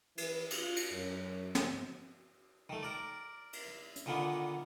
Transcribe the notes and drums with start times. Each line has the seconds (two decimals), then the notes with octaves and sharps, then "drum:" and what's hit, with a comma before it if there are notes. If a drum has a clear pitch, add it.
0.18 E3, drum: cymbal
0.50 F4, drum: cymbal
0.76 drum: cymbal
0.92 F#2
1.55 drum: snare
2.69 D#3 A3
2.83 A#4 D5
3.53 drum: cymbal
3.96 drum: hi-hat
4.06 A#2 D3 D#3 A#3 B3